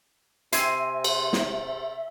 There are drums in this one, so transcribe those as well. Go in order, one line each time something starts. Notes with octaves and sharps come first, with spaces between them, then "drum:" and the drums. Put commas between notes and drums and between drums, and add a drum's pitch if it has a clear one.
C3 C4 E5 G#5 C6, drum: hi-hat
drum: cymbal
drum: snare